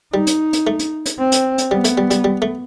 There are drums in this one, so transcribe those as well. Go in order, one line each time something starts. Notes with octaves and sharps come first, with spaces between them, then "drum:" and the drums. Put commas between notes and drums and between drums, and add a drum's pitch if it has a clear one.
G3 D#4
drum: hi-hat
drum: hi-hat
A3
drum: hi-hat
drum: hi-hat
C4
drum: hi-hat
drum: hi-hat
G3 B3
A3, drum: hi-hat
G3
G3, drum: hi-hat
G3
A3